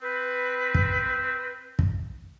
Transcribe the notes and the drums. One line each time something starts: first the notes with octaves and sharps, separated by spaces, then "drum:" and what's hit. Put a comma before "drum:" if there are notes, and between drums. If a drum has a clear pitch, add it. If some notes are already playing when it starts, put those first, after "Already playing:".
C4 B4
drum: kick
drum: kick